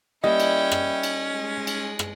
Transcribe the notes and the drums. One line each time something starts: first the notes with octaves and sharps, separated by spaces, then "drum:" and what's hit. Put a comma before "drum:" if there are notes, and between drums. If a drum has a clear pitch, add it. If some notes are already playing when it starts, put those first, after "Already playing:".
G3 A#3 C#4 E4 D#5 G5
drum: cymbal
drum: rim click
drum: cymbal
G#3
drum: cymbal
drum: rim click